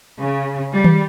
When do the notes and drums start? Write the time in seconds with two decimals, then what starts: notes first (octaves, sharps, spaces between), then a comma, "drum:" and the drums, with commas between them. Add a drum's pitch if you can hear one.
0.18 C#3
0.72 G3
0.84 drum: tom D#3